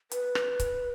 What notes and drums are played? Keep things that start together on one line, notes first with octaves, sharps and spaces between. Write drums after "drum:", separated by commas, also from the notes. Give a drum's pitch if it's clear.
B4, drum: hi-hat
drum: rim click
drum: kick C#1, hi-hat